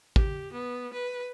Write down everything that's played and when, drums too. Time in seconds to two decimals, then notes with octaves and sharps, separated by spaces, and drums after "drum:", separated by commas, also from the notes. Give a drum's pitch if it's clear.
0.16 G4, drum: kick
0.52 B3
0.93 B4